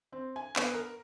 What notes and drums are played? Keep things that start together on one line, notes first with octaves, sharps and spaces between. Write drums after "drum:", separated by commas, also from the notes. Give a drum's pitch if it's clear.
C4
G#5
B3, drum: clap
A#4